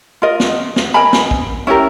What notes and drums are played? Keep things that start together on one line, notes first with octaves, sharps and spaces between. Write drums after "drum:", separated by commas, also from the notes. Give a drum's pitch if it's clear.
F4 A#4 D#5
drum: snare
drum: snare
A#4 D#5 G#5 B5
drum: snare
drum: kick
C#4 E4 G4 A#4